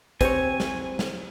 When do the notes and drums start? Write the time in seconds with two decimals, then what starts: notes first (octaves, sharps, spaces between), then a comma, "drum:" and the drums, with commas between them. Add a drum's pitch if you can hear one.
0.21 C4 G4 C5 C#5 G#5, drum: kick, hi-hat
0.60 drum: snare
0.99 drum: snare